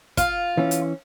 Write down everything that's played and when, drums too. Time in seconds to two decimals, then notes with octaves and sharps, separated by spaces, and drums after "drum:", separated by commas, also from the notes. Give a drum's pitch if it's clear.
0.17 F4, drum: kick, hi-hat
0.57 E3 C#4
0.71 drum: hi-hat